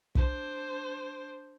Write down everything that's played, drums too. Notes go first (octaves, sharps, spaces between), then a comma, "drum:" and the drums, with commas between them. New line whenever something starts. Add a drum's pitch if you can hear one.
D4 C5, drum: kick